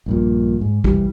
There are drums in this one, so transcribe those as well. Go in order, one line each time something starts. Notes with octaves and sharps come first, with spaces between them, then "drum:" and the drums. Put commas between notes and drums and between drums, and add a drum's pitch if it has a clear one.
A#1 G2 A#2
G#2
C2 E3 G3, drum: kick G#1